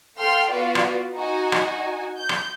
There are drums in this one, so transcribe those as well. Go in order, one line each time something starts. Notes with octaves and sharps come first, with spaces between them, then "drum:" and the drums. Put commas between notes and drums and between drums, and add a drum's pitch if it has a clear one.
A4 F5 G5 C6 F6
B3 F4 F#4 B4 D5 F5
drum: rim click
D#4 F#4 G#5
drum: rim click
G6
drum: rim click